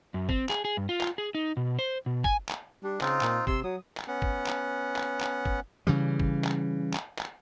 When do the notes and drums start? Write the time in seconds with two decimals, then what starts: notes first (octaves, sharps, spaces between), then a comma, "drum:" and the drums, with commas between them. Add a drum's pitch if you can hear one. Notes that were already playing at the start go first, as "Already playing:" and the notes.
0.14 F#2
0.29 C4, drum: kick
0.49 G#4, drum: clap
0.65 G#4
0.77 G2
0.89 F4
1.01 drum: clap
1.18 G#4
1.35 D#4
1.57 B2
1.79 C5
2.06 B2
2.24 G#5, drum: kick
2.49 drum: clap
2.83 G3 D4
3.01 C#3 C4 D#4 F4, drum: clap
3.21 A#2, drum: clap
3.47 C3 C6 E6, drum: kick
3.64 F#3 D#6
3.97 drum: clap
4.08 B3 C#4 F#5
4.22 drum: kick
4.47 drum: clap
4.96 drum: clap
5.21 drum: clap
5.45 drum: kick
5.87 C#3 E3 G3
6.20 drum: kick
6.44 drum: clap
6.94 drum: clap
7.18 drum: clap